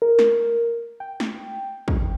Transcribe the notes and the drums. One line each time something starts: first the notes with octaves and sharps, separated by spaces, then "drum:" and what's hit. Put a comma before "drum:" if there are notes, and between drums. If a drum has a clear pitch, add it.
A#4
drum: snare
G5
drum: snare
drum: kick